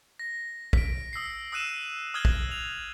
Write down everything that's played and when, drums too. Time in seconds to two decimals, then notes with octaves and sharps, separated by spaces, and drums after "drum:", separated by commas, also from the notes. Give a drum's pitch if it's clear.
0.19 A#6
0.73 B6 D7, drum: kick
1.13 D#6 E6 B6 C7
1.52 D#6 E6 F#6 D#7 E7
2.14 D#6 F6 F#6 G#6 G7
2.25 drum: kick
2.51 F7